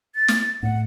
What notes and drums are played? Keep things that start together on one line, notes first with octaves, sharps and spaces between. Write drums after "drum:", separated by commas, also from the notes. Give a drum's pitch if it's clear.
A6
drum: snare
A2 F#5